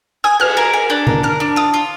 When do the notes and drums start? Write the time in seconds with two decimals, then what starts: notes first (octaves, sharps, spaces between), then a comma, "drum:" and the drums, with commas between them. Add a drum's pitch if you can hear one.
0.24 G#5 D#6
0.40 G#5 F6, drum: cymbal
0.57 A#4 G#6
0.74 G#5
0.90 D4 F#6
1.07 A#4, drum: tom D3
1.23 A#4 F6
1.40 D4
1.56 F4 D#6
1.74 F4